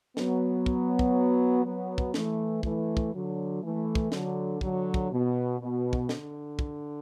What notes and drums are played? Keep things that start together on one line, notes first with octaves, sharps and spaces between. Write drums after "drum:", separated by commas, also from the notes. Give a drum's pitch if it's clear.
F#3 B3, drum: snare
drum: kick
drum: kick
F#3 B3
drum: kick
E3 A3, drum: snare
E3 A3, drum: kick
drum: kick
D3 F#3
E3 A3
drum: kick
D3 F#3, drum: snare
D3 F#3, drum: kick
drum: kick
B2
B2
drum: kick
D3, drum: snare
drum: kick